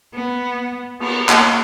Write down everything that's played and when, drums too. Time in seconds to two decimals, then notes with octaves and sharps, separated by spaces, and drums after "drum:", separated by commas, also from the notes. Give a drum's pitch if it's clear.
0.14 B3
1.00 B3, drum: cymbal
1.29 A#3, drum: clap